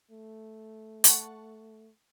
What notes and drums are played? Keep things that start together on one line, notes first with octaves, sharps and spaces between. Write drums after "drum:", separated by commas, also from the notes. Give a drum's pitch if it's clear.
A3
F#5 A5 C#6, drum: hi-hat